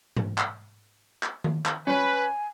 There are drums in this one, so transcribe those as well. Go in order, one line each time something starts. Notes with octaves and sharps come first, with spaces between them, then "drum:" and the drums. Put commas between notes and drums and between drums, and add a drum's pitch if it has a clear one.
drum: tom G#2
drum: clap
drum: clap
drum: tom D#3
drum: clap
C#4 B4 G#5